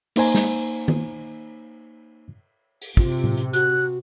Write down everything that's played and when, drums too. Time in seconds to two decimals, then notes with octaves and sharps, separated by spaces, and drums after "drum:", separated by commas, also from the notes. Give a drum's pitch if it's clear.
0.16 A#3 D#4 C5 G#5 A#5, drum: cymbal
0.34 drum: snare
0.88 drum: tom D#3
2.82 drum: open hi-hat
2.97 C3 F4, drum: kick
3.24 drum: tom A2
3.37 drum: hi-hat
3.53 F#4 F#6, drum: hi-hat